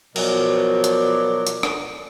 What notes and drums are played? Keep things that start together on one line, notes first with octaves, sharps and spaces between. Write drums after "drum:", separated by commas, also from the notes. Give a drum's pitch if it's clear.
B2 F3 F#3 A#4 D5, drum: cymbal
drum: hi-hat
drum: hi-hat
drum: rim click